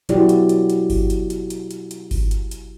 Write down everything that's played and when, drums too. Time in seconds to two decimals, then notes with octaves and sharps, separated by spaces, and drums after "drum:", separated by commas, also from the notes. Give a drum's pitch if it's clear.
0.09 B2 F#3 E4 F#4 G4 D5, drum: hi-hat
0.29 drum: hi-hat
0.49 drum: hi-hat
0.70 drum: hi-hat
0.90 drum: kick G1, open hi-hat
1.10 drum: hi-hat
1.30 drum: hi-hat
1.50 drum: hi-hat
1.71 drum: hi-hat
1.91 drum: hi-hat
2.11 drum: kick G1, open hi-hat
2.31 drum: hi-hat
2.51 drum: hi-hat